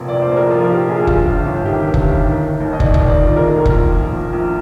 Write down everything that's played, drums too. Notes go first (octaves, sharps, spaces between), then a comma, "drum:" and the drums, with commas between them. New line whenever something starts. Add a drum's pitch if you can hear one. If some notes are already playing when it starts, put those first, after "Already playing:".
Already playing: F1 A#2
D5
A#1
C5
A#1
A#4
F3 F4
A#2 G4
A#1 G#4
G2 F4, drum: kick
G1
G1
D#3 G4
G2
drum: kick
G1
D#3
D#3
D#2
D#5
D#2 D5, drum: kick
D#5, drum: kick
D#3
D5
D#3 F4
A#2 A#4
A#1
drum: kick
A#1
F3
A#2
A#1